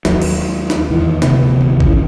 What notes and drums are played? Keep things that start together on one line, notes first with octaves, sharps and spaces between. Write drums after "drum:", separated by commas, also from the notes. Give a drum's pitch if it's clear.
D#2 F#3, drum: snare
drum: cymbal
drum: snare
E2 D#3 E3
F1 D2 C3 B3, drum: snare
drum: tom D#3
C#3 E3, drum: kick G#1